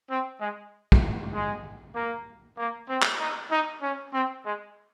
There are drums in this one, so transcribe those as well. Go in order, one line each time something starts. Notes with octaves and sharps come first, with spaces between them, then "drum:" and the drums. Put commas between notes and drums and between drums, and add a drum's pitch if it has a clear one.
C4
G#3
drum: kick
G#3
A#3
A#3
C4
drum: clap
D#4
D#4
C#4
C4
G#3